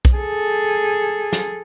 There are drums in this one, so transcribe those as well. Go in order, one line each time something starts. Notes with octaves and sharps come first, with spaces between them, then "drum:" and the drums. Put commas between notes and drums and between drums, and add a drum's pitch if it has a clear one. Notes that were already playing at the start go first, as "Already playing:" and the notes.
drum: kick B1
G#4 A4
drum: snare